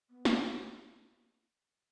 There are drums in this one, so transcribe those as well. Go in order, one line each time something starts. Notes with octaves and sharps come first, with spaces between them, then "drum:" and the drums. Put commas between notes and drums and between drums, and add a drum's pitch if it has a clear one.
B3
C#4, drum: snare